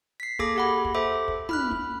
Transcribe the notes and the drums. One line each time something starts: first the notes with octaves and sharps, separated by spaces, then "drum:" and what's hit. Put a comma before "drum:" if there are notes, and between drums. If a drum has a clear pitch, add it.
B6 C7
A#3 G#4 A4 D6 A#6, drum: kick
G4 F#5 B5
drum: kick
A4 C5 E5 D6
drum: kick
B5 F6 F#6, drum: tom
drum: kick